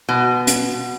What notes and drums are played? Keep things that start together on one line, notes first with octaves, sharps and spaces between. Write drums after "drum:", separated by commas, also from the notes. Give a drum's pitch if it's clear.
B2
drum: hi-hat